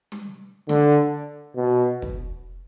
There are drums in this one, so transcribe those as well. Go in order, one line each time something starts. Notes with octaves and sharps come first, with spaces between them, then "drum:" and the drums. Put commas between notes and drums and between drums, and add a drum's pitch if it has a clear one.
drum: tom G3
D3, drum: snare
B2
drum: kick